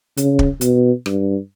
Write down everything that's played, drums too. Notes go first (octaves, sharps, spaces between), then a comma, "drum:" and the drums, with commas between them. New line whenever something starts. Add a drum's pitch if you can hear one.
C#3, drum: hi-hat
drum: kick
B2, drum: hi-hat
G2, drum: rim click